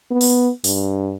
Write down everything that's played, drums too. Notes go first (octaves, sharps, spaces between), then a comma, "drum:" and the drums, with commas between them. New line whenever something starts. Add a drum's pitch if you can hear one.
B3
drum: open hi-hat
G2, drum: open hi-hat